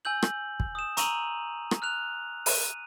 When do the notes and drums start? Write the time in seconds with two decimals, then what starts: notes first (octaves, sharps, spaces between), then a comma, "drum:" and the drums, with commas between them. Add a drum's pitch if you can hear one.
0.05 G#5 E6 G6 F#7
0.23 drum: rim click
0.60 drum: kick
0.75 D#6 E7
0.97 A#5 C#6 E6 D#7 F7 F#7, drum: hi-hat
1.71 drum: rim click
1.82 F6 F#6 F7
2.46 D#7, drum: open hi-hat